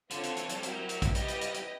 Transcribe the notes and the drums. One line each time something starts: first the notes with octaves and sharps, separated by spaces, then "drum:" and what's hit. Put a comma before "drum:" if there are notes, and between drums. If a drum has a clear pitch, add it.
D3 C4 F4 A4 C#5, drum: hi-hat
D3, drum: hi-hat
E3, drum: hi-hat
F#3, drum: hi-hat
G3
F#3 E4 G4 A#4, drum: hi-hat
G3
F#3
drum: hi-hat
drum: kick, hi-hat
G3 E4 G4 B4 D#5, drum: hi-hat
drum: hi-hat
drum: hi-hat
drum: hi-hat